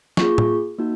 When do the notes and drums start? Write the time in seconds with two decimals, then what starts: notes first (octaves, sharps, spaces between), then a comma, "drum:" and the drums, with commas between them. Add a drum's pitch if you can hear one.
0.17 A#3 F4 G#4 C#6, drum: snare
0.38 drum: tom
0.79 A#3 D#4 F#4